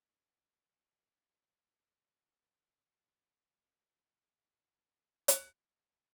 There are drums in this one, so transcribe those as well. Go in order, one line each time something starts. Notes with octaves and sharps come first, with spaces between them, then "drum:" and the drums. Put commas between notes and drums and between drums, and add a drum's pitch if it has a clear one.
C#5
F3
A#3 D4
drum: hi-hat